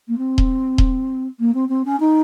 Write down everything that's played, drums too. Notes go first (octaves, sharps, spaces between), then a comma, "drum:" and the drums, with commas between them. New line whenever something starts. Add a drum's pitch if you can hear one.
A#3
C4
drum: kick D#1
drum: kick D#1
A#3
C4
C4
C#4
D#4